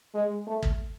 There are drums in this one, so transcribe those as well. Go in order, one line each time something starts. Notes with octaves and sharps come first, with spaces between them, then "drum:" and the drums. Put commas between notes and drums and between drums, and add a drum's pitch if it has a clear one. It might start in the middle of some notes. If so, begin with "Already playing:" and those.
G#3
A3
drum: kick